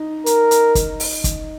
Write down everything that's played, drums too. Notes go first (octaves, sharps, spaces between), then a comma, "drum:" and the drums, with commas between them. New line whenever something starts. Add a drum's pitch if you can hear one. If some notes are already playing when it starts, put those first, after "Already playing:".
Already playing: D#4
A#4, drum: hi-hat
drum: hi-hat
drum: kick, hi-hat
drum: open hi-hat
drum: kick, hi-hat